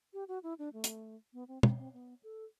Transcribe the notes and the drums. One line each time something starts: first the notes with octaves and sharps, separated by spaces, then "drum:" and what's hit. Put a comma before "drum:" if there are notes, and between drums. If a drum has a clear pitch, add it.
G4
F#4
E4
D4
A3
drum: hi-hat
B3
C4
C4, drum: tom
C4
B3
A4